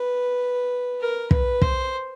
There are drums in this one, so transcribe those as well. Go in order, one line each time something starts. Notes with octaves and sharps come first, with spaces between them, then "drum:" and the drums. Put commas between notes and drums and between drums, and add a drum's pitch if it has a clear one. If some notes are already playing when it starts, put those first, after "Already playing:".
Already playing: B4
A#4
B4, drum: kick
C5, drum: kick